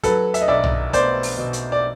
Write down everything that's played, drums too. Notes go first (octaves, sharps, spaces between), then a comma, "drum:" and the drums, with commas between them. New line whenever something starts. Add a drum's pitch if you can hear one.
F#3 A4 B4, drum: kick, hi-hat
E5, drum: hi-hat
D#5
B1 D5 E5
drum: tom
B3 C5 D5, drum: kick, hi-hat
drum: open hi-hat
B2
drum: hi-hat
D5